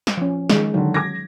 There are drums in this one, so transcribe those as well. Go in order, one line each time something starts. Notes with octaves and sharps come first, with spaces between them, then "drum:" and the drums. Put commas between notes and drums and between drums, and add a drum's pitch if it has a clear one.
drum: snare
F3 C#4
D#3 G#3, drum: snare
D3 D#3 F#3
D6 G#6 A#6